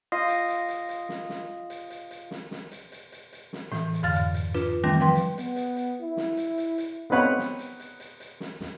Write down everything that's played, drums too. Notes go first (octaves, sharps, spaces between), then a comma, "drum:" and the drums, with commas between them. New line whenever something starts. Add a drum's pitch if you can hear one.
F4 D#5 F5 D#6
drum: hi-hat
drum: hi-hat
drum: hi-hat
drum: hi-hat
drum: snare
drum: snare
drum: hi-hat
drum: hi-hat
drum: hi-hat
drum: snare
drum: snare
drum: hi-hat
drum: hi-hat
drum: hi-hat
drum: hi-hat
drum: snare
A2 E3, drum: snare
drum: hi-hat
F2 G#2 D3 F5 F6 A6
drum: hi-hat
drum: hi-hat
D4 F4 B4, drum: hi-hat
D#3 E3 G3 A3 C4 D4
F3 F#3 B4 G5 C6
drum: hi-hat
B3, drum: hi-hat
drum: hi-hat
drum: hi-hat
E4
drum: snare
drum: hi-hat
drum: hi-hat
drum: hi-hat
B3 C4 D#4 B4 C#5 F#5
drum: snare
drum: hi-hat
drum: hi-hat
drum: hi-hat
drum: hi-hat
drum: snare
drum: snare